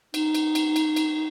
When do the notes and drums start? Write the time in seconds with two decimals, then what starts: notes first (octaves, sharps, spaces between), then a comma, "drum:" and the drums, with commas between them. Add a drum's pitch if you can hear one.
0.14 D#4, drum: cymbal
0.35 drum: cymbal
0.55 drum: cymbal
0.76 drum: cymbal
0.96 drum: cymbal